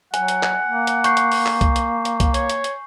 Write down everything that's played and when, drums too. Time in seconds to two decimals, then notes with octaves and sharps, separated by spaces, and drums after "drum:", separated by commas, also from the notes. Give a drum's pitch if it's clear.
0.14 F#3 F#5 G#5, drum: hi-hat
0.28 drum: hi-hat
0.43 drum: clap
0.66 A#3
0.87 drum: hi-hat
1.04 C#6 G6 C7, drum: hi-hat
1.17 drum: hi-hat
1.32 drum: open hi-hat
1.46 drum: clap
1.61 drum: kick, hi-hat
1.76 drum: hi-hat
2.05 drum: hi-hat
2.20 drum: kick, hi-hat
2.34 C#5, drum: hi-hat
2.49 drum: hi-hat
2.64 drum: hi-hat